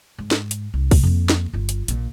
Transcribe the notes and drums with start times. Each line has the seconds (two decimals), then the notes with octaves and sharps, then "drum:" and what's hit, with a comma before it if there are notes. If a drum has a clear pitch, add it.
0.18 G#2
0.31 drum: snare
0.51 drum: hi-hat
0.74 C2
0.91 C3 A3, drum: kick, open hi-hat
1.03 F2 A#3
1.29 drum: snare
1.53 G1 F4
1.69 drum: hi-hat
1.88 A#1 A#2, drum: hi-hat